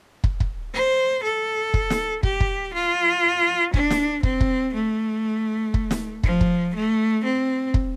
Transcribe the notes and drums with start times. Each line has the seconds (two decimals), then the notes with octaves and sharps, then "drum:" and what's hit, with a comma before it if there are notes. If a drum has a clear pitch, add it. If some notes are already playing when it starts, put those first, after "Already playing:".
0.24 drum: kick
0.40 drum: kick
0.74 C5
1.23 A4
1.74 drum: kick
1.90 drum: snare
2.23 G4, drum: kick
2.40 drum: kick
2.73 F4
3.74 D4, drum: kick
3.91 drum: snare
4.23 C4, drum: kick
4.41 drum: kick
4.74 A3
5.74 drum: kick
5.91 drum: snare
6.23 F3, drum: kick
6.41 drum: kick
6.74 A3
7.24 C4
7.74 drum: kick